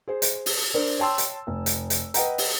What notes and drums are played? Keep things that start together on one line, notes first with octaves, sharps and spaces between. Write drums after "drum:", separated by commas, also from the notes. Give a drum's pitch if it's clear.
G#4 C5
drum: hi-hat
drum: open hi-hat
D4 A#4 C5 D5
C#5 G5 A5 C6 E6
drum: hi-hat
F1
drum: hi-hat
drum: hi-hat
B4 D#5 F#5 G5 A#5, drum: hi-hat
drum: open hi-hat